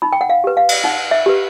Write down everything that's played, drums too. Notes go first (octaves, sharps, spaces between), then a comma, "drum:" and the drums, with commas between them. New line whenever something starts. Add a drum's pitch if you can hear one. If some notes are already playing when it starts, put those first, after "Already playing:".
D#4 B5
G5
F#5
F5
G4 B4
F5
drum: cymbal
D#4 F#5
E5
G4 B4